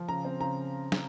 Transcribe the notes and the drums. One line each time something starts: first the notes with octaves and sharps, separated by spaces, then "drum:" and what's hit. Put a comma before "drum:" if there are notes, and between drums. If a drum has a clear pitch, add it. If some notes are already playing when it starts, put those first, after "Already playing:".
Already playing: F3
C#3 A#5
C4
C#3 A#5
drum: snare